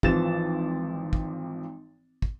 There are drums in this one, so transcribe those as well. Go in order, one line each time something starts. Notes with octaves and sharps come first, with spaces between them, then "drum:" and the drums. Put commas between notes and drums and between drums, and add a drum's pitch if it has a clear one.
G#1 E3 F3 A6 E7, drum: kick
drum: kick
drum: kick